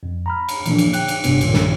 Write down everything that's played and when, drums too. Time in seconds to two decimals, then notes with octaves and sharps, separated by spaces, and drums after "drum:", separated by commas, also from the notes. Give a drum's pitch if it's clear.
0.03 F2
0.26 A#5 B5 F6
0.49 drum: cymbal
0.65 A#2 D3 E3 F3 A#3 D4, drum: cymbal
0.78 drum: cymbal
0.93 G5 F#6, drum: cymbal
1.08 drum: cymbal
1.24 G1 G2 C3 B3 D4, drum: cymbal
1.41 B1 G2 A#2 D3 D#3, drum: cymbal
1.53 drum: snare